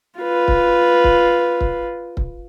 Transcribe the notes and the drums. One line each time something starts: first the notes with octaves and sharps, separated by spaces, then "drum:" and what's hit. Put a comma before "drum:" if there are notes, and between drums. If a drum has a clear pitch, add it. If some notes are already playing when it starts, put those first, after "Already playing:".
F4 B4
drum: kick C#1
drum: kick C#1
drum: kick C#1
drum: kick C#1